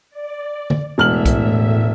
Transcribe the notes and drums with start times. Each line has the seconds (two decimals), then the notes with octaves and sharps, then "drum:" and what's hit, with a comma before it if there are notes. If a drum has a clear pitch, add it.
0.10 D5
0.70 drum: tom D3
0.98 E1 A2 E5 F6 F#7
1.25 drum: kick B1, hi-hat